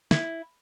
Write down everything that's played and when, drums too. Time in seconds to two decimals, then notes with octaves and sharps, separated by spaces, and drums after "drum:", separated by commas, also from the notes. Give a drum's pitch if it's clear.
0.11 E4, drum: snare